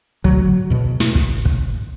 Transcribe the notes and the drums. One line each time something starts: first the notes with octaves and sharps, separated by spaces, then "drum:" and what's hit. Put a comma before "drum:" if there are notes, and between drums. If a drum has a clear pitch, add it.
D2 D3 F#3, drum: kick
E2 B2
drum: snare
drum: kick
drum: kick